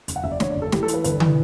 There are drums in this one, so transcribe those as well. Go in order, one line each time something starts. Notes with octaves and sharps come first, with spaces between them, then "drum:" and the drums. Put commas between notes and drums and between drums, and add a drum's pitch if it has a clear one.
F#1, drum: hi-hat
F#5
F#1 E5
D5
D3 C#5, drum: snare
D5
F#1
A4
E3 G4, drum: snare
A4
E3, drum: hi-hat
B4
G1 B4, drum: hi-hat
E3, drum: tom D3